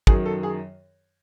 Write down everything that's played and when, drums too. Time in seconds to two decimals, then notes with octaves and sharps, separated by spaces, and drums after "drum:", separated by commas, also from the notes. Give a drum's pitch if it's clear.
0.07 F#2 D#3 F#3 G#4, drum: kick
0.26 A4
0.43 G#4